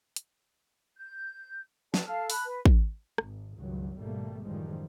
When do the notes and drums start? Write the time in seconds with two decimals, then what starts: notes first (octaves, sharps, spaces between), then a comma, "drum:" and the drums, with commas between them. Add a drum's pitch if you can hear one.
0.16 drum: hi-hat
0.98 G6
1.94 A4 B4 D5 A5, drum: snare
2.07 A4 F5 A5 F6
2.30 A5 B5 F#6, drum: open hi-hat
2.46 B4
2.65 drum: kick
3.18 G#1, drum: rim click
3.56 C#2 G2 D#3 F#3
3.99 G#1 B2 G3 A3 A#3
4.44 A1 F#2 D#3 F3 G3 G#3